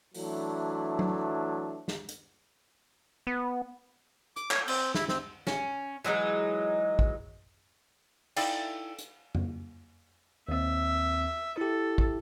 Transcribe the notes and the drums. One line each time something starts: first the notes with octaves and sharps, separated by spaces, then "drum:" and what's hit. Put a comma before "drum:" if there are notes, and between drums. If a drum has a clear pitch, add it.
E3 F#3 A3 D4, drum: open hi-hat
drum: tom F#3
drum: snare
drum: hi-hat
B3
D6, drum: hi-hat
C#5, drum: clap
C4, drum: cymbal
E4, drum: snare
C4, drum: snare
C#4, drum: snare
E3 F#3 G#3 D#4
drum: kick
D#4 E4 A4 D5 F5 G5, drum: cymbal
drum: hi-hat
drum: tom F2
D#2 C4 E5
E4 G4 A4
drum: kick